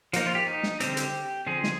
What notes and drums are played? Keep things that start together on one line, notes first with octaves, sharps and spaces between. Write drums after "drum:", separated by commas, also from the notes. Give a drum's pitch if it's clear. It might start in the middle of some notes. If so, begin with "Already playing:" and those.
F3 A#3 D#4, drum: hi-hat
F4
G4
D#4
drum: snare
D3 G3 C4 G4, drum: hi-hat
drum: hi-hat
D3 F3 C4 G#4
drum: snare